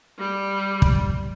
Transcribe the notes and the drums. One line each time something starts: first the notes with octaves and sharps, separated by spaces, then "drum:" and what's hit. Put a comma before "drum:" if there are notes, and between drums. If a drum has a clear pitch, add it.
G3
drum: kick